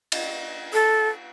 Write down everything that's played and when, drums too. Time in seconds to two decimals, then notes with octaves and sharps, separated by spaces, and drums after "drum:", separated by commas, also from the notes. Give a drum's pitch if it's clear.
0.12 drum: cymbal
0.73 A4